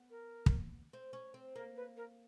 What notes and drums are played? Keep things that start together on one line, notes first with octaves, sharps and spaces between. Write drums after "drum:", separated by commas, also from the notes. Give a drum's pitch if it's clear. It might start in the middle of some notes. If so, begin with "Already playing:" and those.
Already playing: B3
A#4
drum: kick
C4
C#4
C4
A#3 A#4
B4
A#4